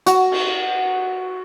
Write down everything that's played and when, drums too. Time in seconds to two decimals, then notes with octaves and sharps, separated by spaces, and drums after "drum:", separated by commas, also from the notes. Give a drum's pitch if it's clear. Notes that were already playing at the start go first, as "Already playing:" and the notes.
0.06 F#4, drum: hi-hat
0.31 drum: cymbal